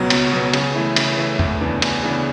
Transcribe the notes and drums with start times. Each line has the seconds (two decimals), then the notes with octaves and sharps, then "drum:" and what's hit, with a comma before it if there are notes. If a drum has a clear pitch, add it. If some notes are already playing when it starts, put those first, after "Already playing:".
Already playing: C#2 B2 F#3 B3
0.10 C#2, drum: cymbal
0.32 B2 F#3 B3
0.54 C#3, drum: cymbal
0.75 E3 A3 E4
0.96 C#3, drum: cymbal
1.17 E3 A3 E4
1.39 D2, drum: tom E2
1.61 C#3 E3 B3 D4
1.82 D2, drum: cymbal
2.03 C#3 E3 B3 D4